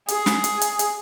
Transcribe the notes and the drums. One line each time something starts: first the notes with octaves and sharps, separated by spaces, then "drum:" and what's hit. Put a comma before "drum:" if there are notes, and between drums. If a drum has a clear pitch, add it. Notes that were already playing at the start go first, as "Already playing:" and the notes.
G#4, drum: hi-hat
drum: snare
drum: hi-hat
drum: hi-hat
drum: hi-hat